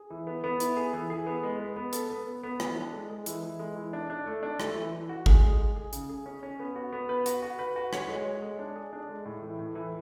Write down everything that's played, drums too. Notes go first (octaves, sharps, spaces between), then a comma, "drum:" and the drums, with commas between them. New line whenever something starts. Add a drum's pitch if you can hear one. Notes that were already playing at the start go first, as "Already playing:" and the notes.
Already playing: G#4
E3
B3
B3
E4, drum: hi-hat
G#4
E3
G#4
B3
G#3
B3
B3
A4, drum: hi-hat
B3
B3
B3
E3, drum: rim click
D4
G#3
G#3
E3, drum: hi-hat
E3
G#3
E3
D4
D4
A3
D4
A3, drum: rim click
E3
E3
F#4
G#4, drum: kick G#1
G#3
G#4
G#4
C#3, drum: hi-hat
G#4
C#4
C#4
B3
F#4
B3
B4
F#4, drum: hi-hat
F#4
B4
F#4
C#5, drum: rim click
G#3
C#5
G#3
D4
G#4
D4
G#3
A2
E3
A2
E3